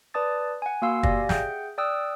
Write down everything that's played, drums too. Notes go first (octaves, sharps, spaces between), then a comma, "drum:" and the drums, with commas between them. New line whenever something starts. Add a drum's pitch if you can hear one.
B4 D5 A5 D#6 A6
F#5 G#5
A#3 F#4 F5 C6 E6 C7
G4 D5 F5 G#5 A#6, drum: kick
G#4 E5 F#5 G5 G6, drum: snare
D5 G5 D#6 E6 F#6